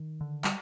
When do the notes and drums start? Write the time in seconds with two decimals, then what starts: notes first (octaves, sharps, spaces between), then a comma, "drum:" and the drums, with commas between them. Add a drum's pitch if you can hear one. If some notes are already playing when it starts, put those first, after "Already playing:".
Already playing: D#3
0.21 D3
0.44 G3, drum: clap